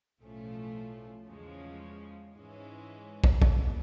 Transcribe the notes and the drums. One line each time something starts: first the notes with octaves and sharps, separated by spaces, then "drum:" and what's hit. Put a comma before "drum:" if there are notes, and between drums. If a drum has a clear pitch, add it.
B1 A2 F3 A3 C#4
E2 C#3 F3 G#3 C#4
G#2 E3 G#3 C#4
drum: kick
A#2 F#3 B3, drum: kick